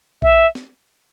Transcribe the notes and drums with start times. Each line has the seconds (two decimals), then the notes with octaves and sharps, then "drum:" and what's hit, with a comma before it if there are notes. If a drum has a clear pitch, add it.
0.22 E5, drum: kick A#1
0.55 drum: snare